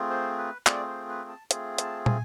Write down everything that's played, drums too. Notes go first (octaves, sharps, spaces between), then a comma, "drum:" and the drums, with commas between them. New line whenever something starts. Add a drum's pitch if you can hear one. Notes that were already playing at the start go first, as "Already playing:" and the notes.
Already playing: A3 C4 F4 G#4
C5
B4
A3 C4 F4 G#4 D5, drum: clap
C5
B4
A5
A3 C4 F4 G#4, drum: hi-hat
A5, drum: hi-hat
G#5, drum: tom